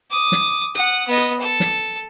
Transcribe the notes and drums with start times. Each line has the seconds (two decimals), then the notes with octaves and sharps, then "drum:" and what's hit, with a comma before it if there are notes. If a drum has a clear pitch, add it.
0.10 D6 D#6
0.32 drum: snare
0.75 F#5 D#6, drum: hi-hat
1.08 B3 D#5
1.17 drum: hi-hat
1.40 A4
1.60 drum: snare